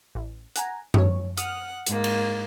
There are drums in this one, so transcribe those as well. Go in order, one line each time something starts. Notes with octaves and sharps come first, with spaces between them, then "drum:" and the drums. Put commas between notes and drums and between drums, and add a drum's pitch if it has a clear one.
A1
F#5 G#5 A#5, drum: hi-hat
G#2 C#5, drum: tom F#2
F#5 D#6 F6, drum: hi-hat
G#2 A#3, drum: hi-hat
drum: cymbal